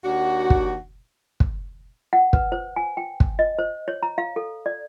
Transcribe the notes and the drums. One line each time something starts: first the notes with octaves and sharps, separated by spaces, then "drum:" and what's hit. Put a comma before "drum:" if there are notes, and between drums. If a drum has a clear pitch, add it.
D#2 D4 F#4
drum: kick
drum: kick
F#5
B4, drum: kick
C5
G#5
G5
drum: kick
D#5
C5
C#5
A#5
F5
A4
D5